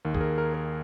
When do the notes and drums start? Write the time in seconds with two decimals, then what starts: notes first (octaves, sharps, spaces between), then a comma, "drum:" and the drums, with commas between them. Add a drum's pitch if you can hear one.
0.05 D#2 D#3 A#4
0.14 G#4, drum: kick
0.21 A#4
0.38 A#4
0.54 A#4